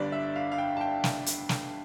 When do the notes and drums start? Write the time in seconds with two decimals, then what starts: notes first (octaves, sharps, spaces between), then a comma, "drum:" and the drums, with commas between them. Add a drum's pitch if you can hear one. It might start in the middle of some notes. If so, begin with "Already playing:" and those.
Already playing: G1 G2 D3 D5
0.12 E5
0.36 F5
0.52 F5
0.58 G5
0.77 A5
0.81 G5
1.04 drum: snare
1.26 drum: hi-hat
1.49 drum: snare